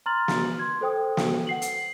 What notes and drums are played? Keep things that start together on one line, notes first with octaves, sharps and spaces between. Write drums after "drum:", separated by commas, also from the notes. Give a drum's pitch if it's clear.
A#5 C6 F6 A6 F#7
drum: snare
C6 G#6
A4 C5 G5 D#6
drum: snare
F#5 C7 F#7
drum: hi-hat